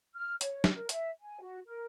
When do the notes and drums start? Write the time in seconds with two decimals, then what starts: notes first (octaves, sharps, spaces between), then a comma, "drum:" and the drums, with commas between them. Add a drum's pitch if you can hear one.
0.15 F6
0.41 C#5, drum: hi-hat
0.64 drum: snare
0.75 A#4
0.89 E5, drum: hi-hat
1.21 G#5
1.41 F#4
1.66 A#4